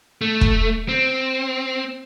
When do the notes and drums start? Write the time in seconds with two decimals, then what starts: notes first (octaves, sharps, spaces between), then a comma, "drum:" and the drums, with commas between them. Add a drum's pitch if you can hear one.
0.21 A3
0.41 drum: kick
0.89 C4